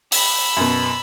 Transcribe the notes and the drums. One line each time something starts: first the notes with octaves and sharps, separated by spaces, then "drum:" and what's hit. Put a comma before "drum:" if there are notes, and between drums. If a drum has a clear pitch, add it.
B5 E6, drum: open hi-hat
F#2 B2